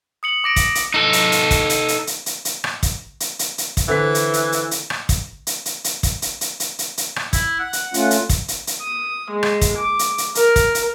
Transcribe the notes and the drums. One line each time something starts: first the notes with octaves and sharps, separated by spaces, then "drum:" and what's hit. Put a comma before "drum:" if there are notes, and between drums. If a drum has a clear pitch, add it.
D#6 C#7 F#7
D6 A#6 D7
drum: kick, hi-hat
drum: hi-hat
D#4 A4
drum: hi-hat
drum: hi-hat
drum: kick, hi-hat
drum: hi-hat
drum: hi-hat
drum: hi-hat
drum: hi-hat
drum: hi-hat
drum: rim click
drum: kick, hi-hat
drum: hi-hat
drum: hi-hat
drum: hi-hat
drum: kick, hi-hat
D3 E3 C4 B6
drum: hi-hat
drum: hi-hat
drum: hi-hat
drum: hi-hat
drum: rim click
drum: kick, hi-hat
drum: hi-hat
drum: hi-hat
drum: hi-hat
drum: kick, hi-hat
drum: hi-hat
drum: hi-hat
drum: hi-hat
drum: hi-hat
drum: hi-hat
drum: rim click
E4, drum: kick, hi-hat
F#5
drum: hi-hat
A3 C#4 F4, drum: hi-hat
drum: hi-hat
drum: kick, hi-hat
drum: hi-hat
drum: hi-hat
D#6
G#3
drum: rim click
drum: kick, hi-hat
D6
drum: hi-hat
drum: hi-hat
A#4, drum: hi-hat
drum: kick, hi-hat
drum: hi-hat